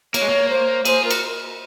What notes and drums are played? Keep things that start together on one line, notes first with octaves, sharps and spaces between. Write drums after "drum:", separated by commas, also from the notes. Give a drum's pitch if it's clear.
A#3 C#5, drum: cymbal
G#3
A#3
C5
G#4 C5, drum: cymbal
F4 A#4
F#4, drum: cymbal